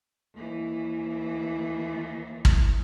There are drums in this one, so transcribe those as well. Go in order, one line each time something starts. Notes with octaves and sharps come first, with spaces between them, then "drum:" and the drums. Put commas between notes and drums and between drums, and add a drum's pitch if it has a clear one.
D#2 E3
drum: kick